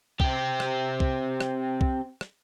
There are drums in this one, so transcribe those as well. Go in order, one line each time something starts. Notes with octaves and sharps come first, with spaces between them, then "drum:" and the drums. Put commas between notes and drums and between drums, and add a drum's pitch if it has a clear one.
C4 G4, drum: kick C2
drum: rim click
drum: kick C2
drum: rim click
drum: kick C2
drum: rim click